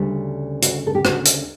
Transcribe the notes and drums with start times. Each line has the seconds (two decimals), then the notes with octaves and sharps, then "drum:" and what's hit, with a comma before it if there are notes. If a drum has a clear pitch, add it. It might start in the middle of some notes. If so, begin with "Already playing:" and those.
Already playing: D2 C#3 G3 D4
0.62 F#4, drum: hi-hat
0.87 A4
0.95 G4
1.05 F#4, drum: rim click
1.25 drum: hi-hat